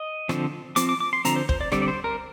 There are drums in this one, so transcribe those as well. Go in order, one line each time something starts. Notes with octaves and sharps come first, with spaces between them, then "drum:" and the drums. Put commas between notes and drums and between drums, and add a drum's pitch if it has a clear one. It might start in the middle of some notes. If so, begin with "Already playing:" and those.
Already playing: D#5
D3 F3 C4, drum: rim click
F3 C4 D6, drum: hi-hat
D6
D6
C6
D3 F3 C4 A#5, drum: hi-hat
C5
C5, drum: kick
D5
D3 G3 C4 D5, drum: rim click
D5
C5
A#4